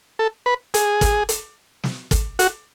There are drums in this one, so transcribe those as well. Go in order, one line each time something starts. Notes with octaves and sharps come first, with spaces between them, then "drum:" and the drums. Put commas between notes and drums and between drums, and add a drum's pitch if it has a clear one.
A4
B4
G#4, drum: hi-hat
drum: kick, hi-hat
drum: hi-hat
drum: snare
drum: kick, hi-hat
F#4, drum: hi-hat